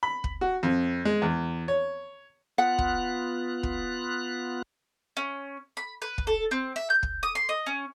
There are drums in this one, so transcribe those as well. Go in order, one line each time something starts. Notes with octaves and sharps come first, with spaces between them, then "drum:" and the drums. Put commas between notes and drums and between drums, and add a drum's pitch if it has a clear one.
B5
drum: kick
F#4
F2
G#3
E2
C#5
B3 F4 F#5 F#6
drum: kick
drum: kick
C#4
B5
B4
drum: kick
A4
C4
E5
G6
drum: kick
D#6
C6
D#5
C#4